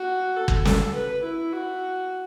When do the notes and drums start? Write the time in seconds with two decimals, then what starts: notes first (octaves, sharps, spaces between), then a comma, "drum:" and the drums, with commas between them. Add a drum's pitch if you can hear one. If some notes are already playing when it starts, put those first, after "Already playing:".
Already playing: F#4
0.36 A4
0.48 drum: kick G1
0.65 A4, drum: snare
0.94 B4
1.23 E4
1.52 F#4